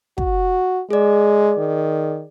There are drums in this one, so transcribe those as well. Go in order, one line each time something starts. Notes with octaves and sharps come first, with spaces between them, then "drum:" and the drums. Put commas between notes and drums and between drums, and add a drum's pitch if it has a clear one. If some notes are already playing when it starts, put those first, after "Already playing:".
F#4, drum: kick
G#3 G#4 D5
D#3